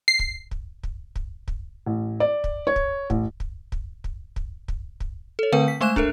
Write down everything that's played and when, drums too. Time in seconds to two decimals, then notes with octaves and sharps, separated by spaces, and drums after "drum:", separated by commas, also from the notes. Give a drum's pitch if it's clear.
0.08 C7
0.19 drum: kick
0.51 drum: kick
0.83 drum: kick
1.16 drum: kick
1.48 drum: kick
1.86 A1
2.20 D5
2.44 drum: kick
2.67 C#5
2.76 drum: kick
3.10 A1, drum: kick
3.40 drum: kick
3.72 drum: kick
4.04 drum: kick
4.36 drum: kick
4.68 drum: kick
5.00 drum: kick
5.39 A4 C#5
5.53 D3 A3 C4 B4 F5 D#6
5.68 B6
5.81 G#3 A3 C5 G#5 F#6 E7
5.96 D4 A4 A#4 E5, drum: kick